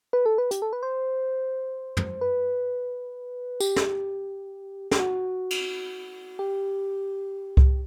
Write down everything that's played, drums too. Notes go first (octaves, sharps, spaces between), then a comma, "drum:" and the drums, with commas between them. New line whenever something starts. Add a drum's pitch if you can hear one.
B4
A4
B4
G4, drum: hi-hat
A4
B4
C5
drum: tom
B4
G4, drum: tambourine
drum: snare
G4, drum: snare
F#4
drum: cymbal
G4
drum: kick C2